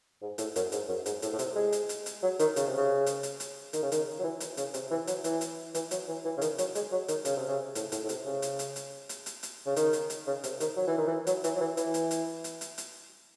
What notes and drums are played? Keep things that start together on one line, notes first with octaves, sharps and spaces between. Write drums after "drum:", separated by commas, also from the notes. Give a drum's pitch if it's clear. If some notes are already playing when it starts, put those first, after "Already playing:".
G#2
A2, drum: hi-hat
F#2, drum: hi-hat
G#2, drum: hi-hat
F#2
G#2, drum: hi-hat
A2, drum: hi-hat
A2
C3, drum: hi-hat
G#3
drum: hi-hat
drum: hi-hat
drum: hi-hat
F#3
D#3, drum: hi-hat
C#3, drum: hi-hat
C3
C#3
drum: hi-hat
drum: hi-hat
drum: hi-hat
D#3, drum: hi-hat
C#3
D#3, drum: hi-hat
F#3
E3
drum: hi-hat
C#3, drum: hi-hat
C3, drum: hi-hat
E3
F#3, drum: hi-hat
E3, drum: hi-hat
drum: hi-hat
E3, drum: hi-hat
F#3, drum: hi-hat
E3
E3
C#3
D#3, drum: hi-hat
F#3, drum: hi-hat
G#3, drum: hi-hat
F#3
D#3, drum: hi-hat
C#3, drum: hi-hat
C3
C#3
A2, drum: hi-hat
A2, drum: hi-hat
A2
C3, drum: hi-hat
C#3
drum: hi-hat
drum: hi-hat
drum: hi-hat
drum: hi-hat
drum: hi-hat
drum: hi-hat
C#3
D#3, drum: hi-hat
drum: hi-hat
drum: hi-hat
C#3
C3, drum: hi-hat
D#3, drum: hi-hat
F#3
E3
D#3
E3
F#3, drum: hi-hat
E3, drum: hi-hat
F#3
E3
E3, drum: hi-hat
drum: hi-hat
drum: hi-hat
drum: hi-hat
drum: hi-hat
drum: hi-hat